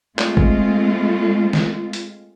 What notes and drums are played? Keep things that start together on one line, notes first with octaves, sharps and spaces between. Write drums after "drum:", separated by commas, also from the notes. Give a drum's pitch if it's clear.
G#3 A3 C4 F4, drum: clap
drum: kick
drum: snare
drum: hi-hat